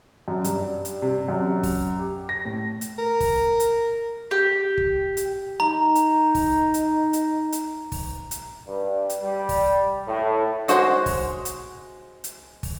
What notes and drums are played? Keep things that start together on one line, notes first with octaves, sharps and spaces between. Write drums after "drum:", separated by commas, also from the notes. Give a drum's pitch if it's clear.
F#2
G2, drum: hi-hat
drum: hi-hat
C3
F#2
drum: kick, open hi-hat
G4
A#6
A2
drum: hi-hat
A#4
drum: kick, open hi-hat
drum: hi-hat
G4
drum: kick
drum: hi-hat
D#4 A#5
drum: hi-hat
drum: kick, open hi-hat
drum: hi-hat
drum: hi-hat
drum: hi-hat
drum: kick, open hi-hat
drum: hi-hat
G2
drum: hi-hat
G3
drum: kick, open hi-hat
A2
G#3 F#4 C5 C#5 F#5, drum: hi-hat
drum: kick, open hi-hat
drum: hi-hat
drum: hi-hat
drum: kick, open hi-hat